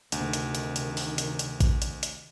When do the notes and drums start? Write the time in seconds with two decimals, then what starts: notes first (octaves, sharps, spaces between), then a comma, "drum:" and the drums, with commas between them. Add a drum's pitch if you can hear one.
0.12 D2 C3 D#3, drum: hi-hat
0.33 drum: hi-hat
0.55 drum: hi-hat
0.76 drum: hi-hat
0.97 drum: open hi-hat
1.18 drum: hi-hat
1.39 drum: hi-hat
1.60 drum: kick A1, hi-hat
1.82 drum: hi-hat
2.03 drum: hi-hat